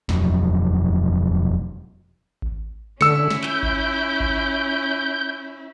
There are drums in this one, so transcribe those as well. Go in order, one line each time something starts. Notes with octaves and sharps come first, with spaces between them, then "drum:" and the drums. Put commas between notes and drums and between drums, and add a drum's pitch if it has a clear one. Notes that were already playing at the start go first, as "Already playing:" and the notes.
E1 F2 F#3, drum: snare
drum: kick G#1
D3 C#4 E4 E6 C#7, drum: snare
drum: snare
G6, drum: clap
drum: kick G#1
drum: kick G#1